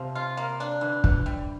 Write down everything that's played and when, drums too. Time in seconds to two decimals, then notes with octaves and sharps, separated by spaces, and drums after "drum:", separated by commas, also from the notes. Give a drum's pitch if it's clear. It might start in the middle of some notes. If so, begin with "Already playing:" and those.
Already playing: C3 F3
0.15 F4
0.37 A#3
0.60 D4
0.81 D3 E3
1.04 E3, drum: kick
1.26 G3